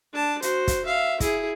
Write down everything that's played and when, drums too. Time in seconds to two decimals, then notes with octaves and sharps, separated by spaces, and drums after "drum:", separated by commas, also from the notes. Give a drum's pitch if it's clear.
0.13 D4 A5
0.42 F#4 C5, drum: hi-hat
0.68 drum: kick, hi-hat
0.85 E5 F5
1.20 E4 G#4, drum: kick, hi-hat